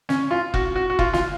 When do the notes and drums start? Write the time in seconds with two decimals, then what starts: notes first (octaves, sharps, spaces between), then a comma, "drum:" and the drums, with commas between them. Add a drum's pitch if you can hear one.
0.09 C#4, drum: snare
0.31 F4
0.54 F#4, drum: kick
0.76 F#4
0.90 F#4
0.99 F4, drum: kick
1.13 F4, drum: snare